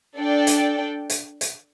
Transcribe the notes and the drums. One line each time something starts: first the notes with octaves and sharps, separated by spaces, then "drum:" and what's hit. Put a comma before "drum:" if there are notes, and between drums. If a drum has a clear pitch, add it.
D4 A4 D5 G5
drum: hi-hat
drum: hi-hat
drum: hi-hat